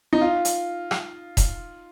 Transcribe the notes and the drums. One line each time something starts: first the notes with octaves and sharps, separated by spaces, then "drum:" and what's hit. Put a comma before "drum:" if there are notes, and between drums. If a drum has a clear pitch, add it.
D#4
F4
drum: hi-hat
drum: rim click
drum: kick E1, hi-hat